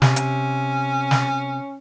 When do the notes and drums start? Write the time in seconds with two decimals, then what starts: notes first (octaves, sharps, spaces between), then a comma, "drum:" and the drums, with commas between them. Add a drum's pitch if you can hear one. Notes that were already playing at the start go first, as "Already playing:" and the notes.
0.02 C3 C#4, drum: snare
0.16 drum: hi-hat
1.11 drum: snare